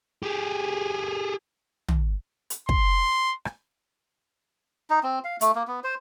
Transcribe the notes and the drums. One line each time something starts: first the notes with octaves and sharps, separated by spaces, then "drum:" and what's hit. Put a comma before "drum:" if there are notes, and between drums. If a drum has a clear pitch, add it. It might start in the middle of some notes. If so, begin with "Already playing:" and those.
G4 G#4
drum: tom
drum: hi-hat
C6, drum: kick
drum: rim click
D#4
C4
F5
A3, drum: hi-hat
A#3
B3
C5